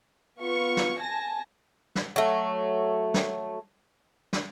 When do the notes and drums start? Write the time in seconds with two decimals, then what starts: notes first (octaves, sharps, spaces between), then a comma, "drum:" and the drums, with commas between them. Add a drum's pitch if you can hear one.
0.39 B3 F4 C#6
0.77 drum: snare
0.97 G#5 A5 A#6
1.95 drum: snare
2.16 F#3 A3
3.14 drum: snare
4.33 drum: snare